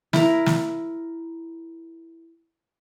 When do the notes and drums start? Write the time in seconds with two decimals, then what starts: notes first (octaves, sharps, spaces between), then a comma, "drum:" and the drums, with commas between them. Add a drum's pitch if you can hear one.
0.13 E4 A#4, drum: snare
0.46 drum: snare